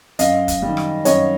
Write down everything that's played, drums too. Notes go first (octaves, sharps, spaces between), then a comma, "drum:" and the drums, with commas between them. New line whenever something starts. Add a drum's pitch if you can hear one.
F#2 D#5 F5, drum: hi-hat
drum: kick, hi-hat
D#3 G3
drum: rim click
F#2 C#5 D#5, drum: hi-hat